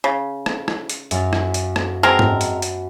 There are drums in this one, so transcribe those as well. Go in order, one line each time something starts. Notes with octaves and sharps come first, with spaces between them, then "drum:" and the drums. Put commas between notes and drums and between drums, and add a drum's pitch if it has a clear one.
C#3
drum: rim click
drum: rim click
drum: hi-hat
F#2 F5 A6, drum: hi-hat
drum: rim click
drum: hi-hat
drum: rim click
G#3 B3 C4 A#4 A5
drum: tom G#2
drum: hi-hat
drum: hi-hat